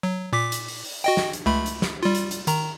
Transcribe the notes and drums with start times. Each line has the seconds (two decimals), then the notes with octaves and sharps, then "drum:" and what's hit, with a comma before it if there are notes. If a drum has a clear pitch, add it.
0.03 F#3
0.33 A#2 D6 B6
0.52 drum: hi-hat
0.68 drum: open hi-hat
0.85 drum: open hi-hat
1.04 F#4 D#5 G5
1.17 drum: snare
1.33 drum: hi-hat
1.46 C#2 A3 B5
1.66 drum: hi-hat
1.82 drum: snare
2.03 G3 F4
2.15 drum: hi-hat
2.31 drum: hi-hat
2.47 D#3 A#5, drum: hi-hat